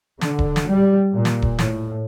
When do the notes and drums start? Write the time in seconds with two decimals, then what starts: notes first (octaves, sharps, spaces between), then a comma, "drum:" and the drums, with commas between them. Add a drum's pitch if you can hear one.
0.21 D3, drum: snare
0.39 drum: kick D#1
0.56 drum: snare
0.70 G3
1.13 A#2
1.25 drum: snare
1.42 drum: kick D#1
1.59 A2, drum: snare